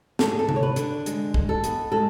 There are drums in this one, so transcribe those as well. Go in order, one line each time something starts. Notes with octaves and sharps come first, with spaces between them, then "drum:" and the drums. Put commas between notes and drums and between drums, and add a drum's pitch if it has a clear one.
D3 A4, drum: snare
G#4
A4
D3, drum: tom C3
C#5
B4
D3, drum: hi-hat
G#3, drum: hi-hat
G#3, drum: kick
A4
B3, drum: hi-hat
G#3 A4